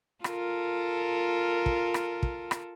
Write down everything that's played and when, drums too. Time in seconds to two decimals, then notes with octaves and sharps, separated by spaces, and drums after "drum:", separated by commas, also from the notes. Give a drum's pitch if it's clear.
0.24 F4 A4 A#4, drum: rim click
1.66 drum: kick
1.94 drum: rim click
2.23 drum: kick
2.51 drum: rim click